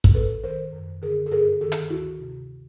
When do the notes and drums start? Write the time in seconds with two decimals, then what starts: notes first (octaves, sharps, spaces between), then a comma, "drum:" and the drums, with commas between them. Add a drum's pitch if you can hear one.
0.04 drum: kick
0.14 G#2 A4 B4
0.44 D#3 A#4 C5
0.73 F#2
1.02 D3 G#4 A#4
1.26 A4
1.31 G2 G#4 A#4
1.61 D#3 G4 A4
1.72 drum: hi-hat
1.90 D2 E4 F#4
2.20 C3 D#3